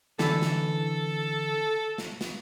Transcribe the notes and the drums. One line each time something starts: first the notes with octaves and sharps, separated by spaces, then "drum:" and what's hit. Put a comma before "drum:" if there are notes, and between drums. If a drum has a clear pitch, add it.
D3 E3 A4, drum: snare
drum: snare
drum: snare
drum: snare